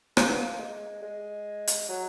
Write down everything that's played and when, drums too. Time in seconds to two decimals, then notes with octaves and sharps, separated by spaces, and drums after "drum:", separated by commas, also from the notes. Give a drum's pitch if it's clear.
0.17 A#3, drum: rim click
0.28 B3
0.41 A#3
0.60 G#3
1.02 G#3
1.67 drum: hi-hat
1.89 F#3